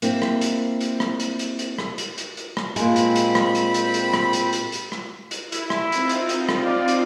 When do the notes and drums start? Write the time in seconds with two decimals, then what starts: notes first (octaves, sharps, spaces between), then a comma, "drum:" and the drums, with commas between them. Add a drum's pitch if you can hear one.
0.02 A#3 C4 E4, drum: hi-hat
0.22 drum: rim click
0.41 drum: hi-hat
0.81 drum: hi-hat
1.00 drum: rim click
1.20 drum: hi-hat
1.39 drum: hi-hat
1.59 drum: hi-hat
1.78 drum: rim click
1.98 drum: hi-hat
2.18 drum: hi-hat
2.37 drum: hi-hat
2.57 drum: rim click
2.76 A#2 G#3 C4 B5, drum: hi-hat
2.96 drum: hi-hat
3.16 drum: hi-hat
3.35 drum: rim click
3.55 drum: hi-hat
3.74 drum: hi-hat
3.94 drum: hi-hat
4.14 drum: rim click
4.33 drum: hi-hat
4.53 drum: hi-hat
4.72 drum: hi-hat
4.92 drum: rim click
5.31 drum: hi-hat
5.52 E4, drum: hi-hat
5.70 drum: rim click
5.92 C4 D#4 F4, drum: hi-hat
6.09 drum: hi-hat
6.29 drum: hi-hat
6.49 drum: rim click
6.59 D5 F5
6.88 drum: hi-hat